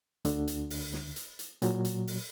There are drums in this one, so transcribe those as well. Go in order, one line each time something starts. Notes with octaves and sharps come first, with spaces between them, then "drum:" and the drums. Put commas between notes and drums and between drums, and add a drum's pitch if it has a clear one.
D2 D3, drum: hi-hat
drum: hi-hat
drum: open hi-hat
drum: snare
drum: hi-hat
drum: hi-hat
A#2 F#3, drum: hi-hat
drum: hi-hat
drum: open hi-hat